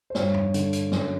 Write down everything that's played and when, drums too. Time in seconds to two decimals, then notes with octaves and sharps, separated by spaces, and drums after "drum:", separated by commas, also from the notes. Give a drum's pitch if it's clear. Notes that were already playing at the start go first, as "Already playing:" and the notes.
0.10 C5
0.15 G2 C#5, drum: snare
0.34 drum: tom E2
0.54 D3, drum: hi-hat
0.73 drum: hi-hat
0.92 F#2, drum: snare